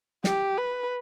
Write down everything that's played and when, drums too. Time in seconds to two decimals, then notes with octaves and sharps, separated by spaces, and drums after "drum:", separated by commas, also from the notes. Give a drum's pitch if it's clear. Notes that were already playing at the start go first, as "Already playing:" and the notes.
0.24 G4, drum: snare
0.58 B4